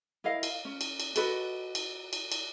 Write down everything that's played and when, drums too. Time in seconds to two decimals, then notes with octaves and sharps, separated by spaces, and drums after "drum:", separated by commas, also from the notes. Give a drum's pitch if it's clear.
0.24 E4 A#4 D#5 F5
0.43 drum: cymbal
0.65 C#4
0.81 drum: cymbal
1.00 drum: cymbal
1.16 F#4 A4 B4 D#5, drum: cymbal
1.75 drum: cymbal
2.13 drum: cymbal
2.32 drum: cymbal